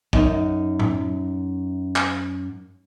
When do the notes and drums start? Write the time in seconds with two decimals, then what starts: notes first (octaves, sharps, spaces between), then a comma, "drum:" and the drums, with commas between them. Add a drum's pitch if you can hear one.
0.13 F#2 D#4, drum: kick
0.79 drum: tom A2
1.96 drum: clap